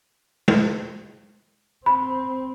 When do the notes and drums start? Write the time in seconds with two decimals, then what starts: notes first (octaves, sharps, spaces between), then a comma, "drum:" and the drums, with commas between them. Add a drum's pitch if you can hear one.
0.48 drum: tom
1.86 C4 B5